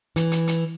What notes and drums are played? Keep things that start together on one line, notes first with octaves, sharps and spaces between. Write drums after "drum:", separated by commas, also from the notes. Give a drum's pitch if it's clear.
E3, drum: hi-hat
drum: hi-hat
drum: hi-hat